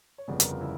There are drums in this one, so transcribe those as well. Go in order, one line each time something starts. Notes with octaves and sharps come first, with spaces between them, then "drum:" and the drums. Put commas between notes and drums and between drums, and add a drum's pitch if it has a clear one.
C#5
G1 F2 C#3 D5
B4
A#4, drum: hi-hat
F4
C#3 E4